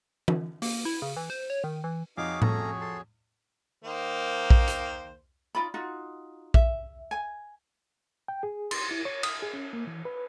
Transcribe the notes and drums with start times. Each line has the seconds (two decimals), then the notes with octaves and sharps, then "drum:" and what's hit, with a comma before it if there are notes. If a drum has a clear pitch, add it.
0.28 drum: tom E3
0.62 A#3, drum: open hi-hat
0.85 E4
1.02 C#3
1.17 E3
1.30 C5
1.50 C#5
1.64 D#3
1.84 E3
2.17 F2 D#4 F#4 G#4 C#5 F5 D6
2.42 A3 C#4 A#5, drum: tom A2
2.80 A4 A5 C6
3.84 D#3 A#3 C5
4.50 drum: kick A#1
4.68 drum: hi-hat
5.55 D#4 F4 D5 B5
5.74 D#4 F4 F#4
6.54 E5, drum: kick A#1
7.11 G#5
8.28 G5
8.43 G#4
8.71 C6, drum: cymbal
8.91 E4
9.05 C#5
9.23 D#6, drum: cymbal
9.42 G#4
9.53 C#4
9.73 A#3
9.87 E3
10.05 B4